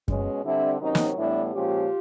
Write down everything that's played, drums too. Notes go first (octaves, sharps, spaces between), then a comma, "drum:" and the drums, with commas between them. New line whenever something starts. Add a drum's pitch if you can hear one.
B2 G#3 C#4, drum: kick F#2
D3 G3 C4 D4 E4
C3 D#3 F#3 C#4 D#4
drum: snare
A2 E3 G3 B3 D4 E4
A#2 F3 G#3 C#4 F4 G4